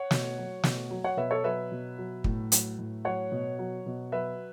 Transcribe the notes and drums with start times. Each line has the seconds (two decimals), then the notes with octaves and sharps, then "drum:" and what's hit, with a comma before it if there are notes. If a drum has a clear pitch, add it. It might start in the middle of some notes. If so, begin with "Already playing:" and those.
Already playing: C#5 F#5
0.11 B2, drum: snare
0.38 F#3
0.63 B2, drum: snare
0.91 F#3
1.04 C#5 F#5
1.17 B2 B4 E5
1.31 A4 C#5
1.44 F#3 B4 E5
1.72 B2
1.98 F#3
2.24 A2, drum: kick
2.52 F#3, drum: hi-hat
2.79 A2
3.05 F#3 C#5 F#5
3.32 B2
3.59 F#3
3.86 B2
4.12 F#3 B4 E5